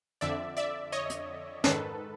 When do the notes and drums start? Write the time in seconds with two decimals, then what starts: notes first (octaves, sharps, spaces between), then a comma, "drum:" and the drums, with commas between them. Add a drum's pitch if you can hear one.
0.21 F2 D3 D5 E5
0.57 D5 E5
0.92 C#5 D#5
1.10 drum: hi-hat
1.64 G#2 D#3 A4 B4, drum: snare